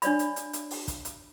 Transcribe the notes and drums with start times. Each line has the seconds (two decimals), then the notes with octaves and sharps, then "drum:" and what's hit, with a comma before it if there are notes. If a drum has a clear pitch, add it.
0.02 D4 C#5 D5 B5, drum: hi-hat
0.19 drum: hi-hat
0.36 drum: hi-hat
0.53 drum: hi-hat
0.70 drum: open hi-hat
0.88 drum: kick, hi-hat
1.05 drum: hi-hat